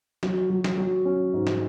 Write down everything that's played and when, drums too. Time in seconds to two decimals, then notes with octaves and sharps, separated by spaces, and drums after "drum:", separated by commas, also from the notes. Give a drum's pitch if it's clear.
0.23 F#3, drum: snare
0.50 F#3
0.64 drum: snare
0.78 F#3
1.05 C#4
1.34 G#2
1.47 drum: snare